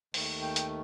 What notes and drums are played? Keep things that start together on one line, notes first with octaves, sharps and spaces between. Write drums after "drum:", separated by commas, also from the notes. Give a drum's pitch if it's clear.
D#2 D#3 A3, drum: open hi-hat
G5
drum: hi-hat